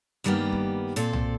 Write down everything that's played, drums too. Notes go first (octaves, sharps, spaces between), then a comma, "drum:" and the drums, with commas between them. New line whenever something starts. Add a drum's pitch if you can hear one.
G2 D#3 G3 A#3 B3 G4
drum: kick
A#2 C4 A4, drum: hi-hat
drum: tom